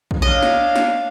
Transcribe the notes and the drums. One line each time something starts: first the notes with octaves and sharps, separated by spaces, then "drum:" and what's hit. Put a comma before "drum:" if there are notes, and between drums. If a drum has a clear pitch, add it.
drum: kick
D4 C#5 D#5 F5
drum: snare
drum: snare